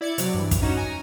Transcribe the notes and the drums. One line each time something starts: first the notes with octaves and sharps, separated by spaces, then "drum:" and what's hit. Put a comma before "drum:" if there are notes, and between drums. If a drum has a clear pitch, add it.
E4 D5 G#6 C#7
C3 F#3 D5, drum: hi-hat
G2 E3
drum: kick, hi-hat
C#4 D#4 F#4 E7
G#5 A#5